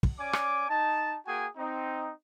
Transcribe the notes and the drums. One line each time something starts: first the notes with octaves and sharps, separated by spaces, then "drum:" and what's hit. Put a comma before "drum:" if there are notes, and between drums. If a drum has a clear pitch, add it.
drum: kick
C#4 D5 G#5 D6
drum: rim click
D#4 A5
A#3 F#4 G#4 G5 G#5
C4 D#4